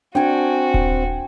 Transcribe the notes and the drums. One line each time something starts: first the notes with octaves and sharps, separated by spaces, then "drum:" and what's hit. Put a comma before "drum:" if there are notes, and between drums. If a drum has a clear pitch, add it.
C4 D4 F#4 G5 G#5
drum: kick D#1